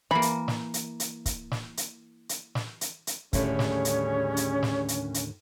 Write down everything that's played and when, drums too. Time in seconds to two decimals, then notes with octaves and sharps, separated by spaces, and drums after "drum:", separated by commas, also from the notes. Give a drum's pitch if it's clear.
0.11 E3 A#3 B5
0.22 drum: hi-hat
0.48 drum: snare
0.74 drum: hi-hat
1.00 drum: hi-hat
1.26 drum: kick, hi-hat
1.51 drum: snare
1.77 drum: hi-hat
2.29 drum: hi-hat
2.55 drum: snare
2.81 drum: hi-hat
3.07 drum: hi-hat
3.33 D#2 A2 D3 G3 C#4 G#4 C#5, drum: kick, hi-hat
3.59 drum: snare
3.85 drum: hi-hat
4.37 drum: hi-hat
4.63 drum: snare
4.88 drum: hi-hat
5.14 drum: hi-hat